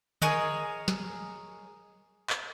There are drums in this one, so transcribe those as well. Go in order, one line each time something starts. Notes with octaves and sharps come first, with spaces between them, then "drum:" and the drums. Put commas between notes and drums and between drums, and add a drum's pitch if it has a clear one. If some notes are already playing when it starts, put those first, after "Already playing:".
G#4 A#4 C#5 D#5, drum: tom D3
drum: snare
drum: clap